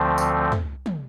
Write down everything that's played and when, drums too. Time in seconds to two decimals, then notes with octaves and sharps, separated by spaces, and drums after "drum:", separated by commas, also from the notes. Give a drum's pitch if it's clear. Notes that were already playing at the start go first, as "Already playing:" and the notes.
Already playing: D2 D3 F3 A3 C4
0.18 drum: tambourine
0.52 drum: tom
0.86 drum: tom